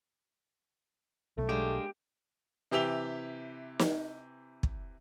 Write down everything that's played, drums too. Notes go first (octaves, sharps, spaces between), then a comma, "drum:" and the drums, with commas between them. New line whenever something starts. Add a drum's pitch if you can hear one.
B1 A3
G#3 A#3 D4 G4
C3 E3 G4 E5 F7 G7
drum: snare
drum: kick